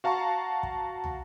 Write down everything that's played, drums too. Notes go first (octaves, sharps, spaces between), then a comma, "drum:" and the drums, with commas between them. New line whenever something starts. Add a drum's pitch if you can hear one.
F#4 F5 A5 A#5 C#6
drum: kick
drum: tom